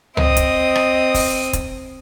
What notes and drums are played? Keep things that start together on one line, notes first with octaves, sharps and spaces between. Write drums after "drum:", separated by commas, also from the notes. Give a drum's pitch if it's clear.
C4 D#5 D#6, drum: tom C#2
drum: kick, hi-hat
drum: rim click
drum: kick, open hi-hat
drum: kick, hi-hat